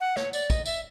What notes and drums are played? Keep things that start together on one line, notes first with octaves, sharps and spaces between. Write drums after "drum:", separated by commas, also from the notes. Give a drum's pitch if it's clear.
F#5
C#5, drum: snare
D5, drum: tambourine
D#5, drum: kick, tambourine
E5, drum: tambourine